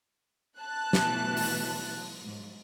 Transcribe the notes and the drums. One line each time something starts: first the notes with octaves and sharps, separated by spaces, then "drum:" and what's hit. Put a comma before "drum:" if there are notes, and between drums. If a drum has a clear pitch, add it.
A5 F#6
B2 E3 A3, drum: snare
drum: open hi-hat
G#2